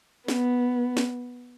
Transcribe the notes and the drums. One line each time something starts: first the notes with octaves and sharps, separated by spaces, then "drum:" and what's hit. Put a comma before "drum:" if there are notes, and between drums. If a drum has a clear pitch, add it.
B3, drum: snare
drum: snare